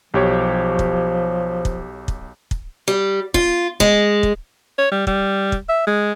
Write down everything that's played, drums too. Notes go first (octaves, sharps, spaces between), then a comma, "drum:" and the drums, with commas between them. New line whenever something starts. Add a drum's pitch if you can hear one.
B1 F3 G4 C#5
drum: kick
drum: kick
drum: kick
drum: kick
G3
F4, drum: kick
G#3, drum: kick
drum: kick
C#5
G3
G3, drum: kick
drum: kick
E5
G#3